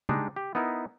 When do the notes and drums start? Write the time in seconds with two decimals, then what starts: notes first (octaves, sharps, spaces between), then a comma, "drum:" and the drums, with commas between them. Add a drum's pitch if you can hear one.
0.09 G3 G#3 D4 D#4, drum: tom C#3
0.36 G4
0.55 B3 D#4 E4 A#4